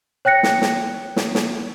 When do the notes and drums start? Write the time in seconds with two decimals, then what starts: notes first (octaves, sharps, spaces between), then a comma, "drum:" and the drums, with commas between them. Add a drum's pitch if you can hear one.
0.25 C#5 G5 F#6 A#6 C#7
0.43 drum: snare
0.62 drum: snare
1.16 drum: snare
1.35 drum: snare